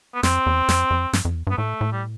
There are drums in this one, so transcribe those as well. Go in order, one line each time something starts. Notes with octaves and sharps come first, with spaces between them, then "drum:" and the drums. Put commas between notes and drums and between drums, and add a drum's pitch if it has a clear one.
B3
F2 C4, drum: snare
E2
F2, drum: snare
F2
G2, drum: snare
F2
E2
G2
B3
A2 A3
A2
G3